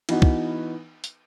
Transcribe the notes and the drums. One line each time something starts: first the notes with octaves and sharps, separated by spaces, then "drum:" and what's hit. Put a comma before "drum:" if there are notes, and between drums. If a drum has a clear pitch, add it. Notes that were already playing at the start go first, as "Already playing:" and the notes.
E3 B3 D#4 F#4, drum: cymbal
drum: kick
drum: hi-hat